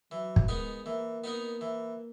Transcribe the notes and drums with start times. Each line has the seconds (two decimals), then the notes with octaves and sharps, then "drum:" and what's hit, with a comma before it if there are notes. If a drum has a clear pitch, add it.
0.11 E3 F#3
0.36 drum: kick
0.48 G#3 B3 D#4 A#4
0.86 E3 A#3
1.24 B3 D#4 A#4
1.61 E3